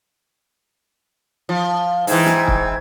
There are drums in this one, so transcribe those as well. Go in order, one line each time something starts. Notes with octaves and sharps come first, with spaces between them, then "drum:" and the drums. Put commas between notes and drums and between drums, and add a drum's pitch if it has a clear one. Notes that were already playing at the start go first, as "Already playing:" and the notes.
F3
G#2 E3 C5 G5 G#6, drum: open hi-hat
drum: snare
drum: kick